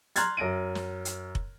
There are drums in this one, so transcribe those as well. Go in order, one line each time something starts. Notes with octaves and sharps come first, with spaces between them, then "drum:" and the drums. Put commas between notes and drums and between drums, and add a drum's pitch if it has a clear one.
A#5 C6 F6 F#6 G#6 A6, drum: hi-hat
F#2 A#6 D7 D#7
drum: snare
drum: hi-hat
drum: kick F1